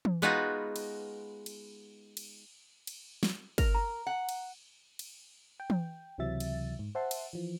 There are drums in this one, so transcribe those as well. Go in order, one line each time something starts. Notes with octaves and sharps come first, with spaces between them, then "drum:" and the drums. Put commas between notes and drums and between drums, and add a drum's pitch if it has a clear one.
drum: tom E3
G#3 B3 D#4 F4 F#4 B4
drum: cymbal
drum: cymbal
drum: cymbal
drum: cymbal
drum: snare
A#4, drum: kick, cymbal
A#5
F#5
drum: cymbal
drum: cymbal
G5
drum: tom E3
C#2 C3 E3 F#3 E5 A6
drum: cymbal
G#2
C5 E5 F#5 A5 C6
drum: cymbal
E3 F3